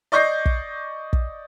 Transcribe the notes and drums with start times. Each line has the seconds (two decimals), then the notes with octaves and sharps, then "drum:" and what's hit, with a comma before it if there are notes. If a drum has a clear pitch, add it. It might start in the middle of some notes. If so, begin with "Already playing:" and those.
0.12 D5 D#5 C#6 G6 A#6 C7
0.46 drum: kick
1.13 drum: kick